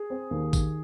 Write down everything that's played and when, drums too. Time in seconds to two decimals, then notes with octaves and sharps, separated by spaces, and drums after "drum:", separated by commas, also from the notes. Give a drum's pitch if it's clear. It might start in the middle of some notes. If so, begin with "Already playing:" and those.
Already playing: G#4
0.10 C4
0.31 D#2
0.53 D#3, drum: kick, tambourine